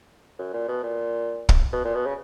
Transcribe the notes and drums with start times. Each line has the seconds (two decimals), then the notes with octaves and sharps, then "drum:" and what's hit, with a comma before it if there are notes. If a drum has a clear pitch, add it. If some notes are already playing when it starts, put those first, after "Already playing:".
0.38 F#2
0.53 A#2
0.69 B2
0.83 A#2
1.49 drum: kick
1.73 B2
1.84 A#2
1.95 B2
2.06 C#3